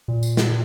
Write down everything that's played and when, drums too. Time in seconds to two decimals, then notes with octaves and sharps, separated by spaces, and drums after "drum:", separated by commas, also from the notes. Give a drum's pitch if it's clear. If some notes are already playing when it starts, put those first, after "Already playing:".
0.08 A#2
0.23 drum: tambourine
0.37 drum: snare